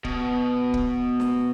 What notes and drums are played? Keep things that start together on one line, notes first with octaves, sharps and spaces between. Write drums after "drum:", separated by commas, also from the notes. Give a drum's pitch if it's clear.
B2, drum: kick
drum: kick
drum: snare